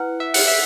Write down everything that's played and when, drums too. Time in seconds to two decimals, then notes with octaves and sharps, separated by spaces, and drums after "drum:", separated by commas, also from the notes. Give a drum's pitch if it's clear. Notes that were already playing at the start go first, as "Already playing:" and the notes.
Already playing: E4 B4 F#5
0.20 E5
0.34 F#5, drum: open hi-hat
0.48 E5